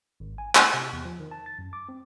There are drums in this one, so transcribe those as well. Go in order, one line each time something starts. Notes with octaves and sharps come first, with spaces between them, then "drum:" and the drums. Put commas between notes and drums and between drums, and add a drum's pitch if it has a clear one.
G#1
G#5
E4, drum: clap
C3
E2
F3
D#3
A5
A6
F#2
D6
C4